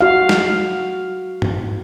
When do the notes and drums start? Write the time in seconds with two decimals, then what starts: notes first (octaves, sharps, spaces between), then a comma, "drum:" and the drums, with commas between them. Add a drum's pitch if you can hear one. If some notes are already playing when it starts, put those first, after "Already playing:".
0.01 F#4 F5
0.29 drum: snare
1.42 drum: tom G2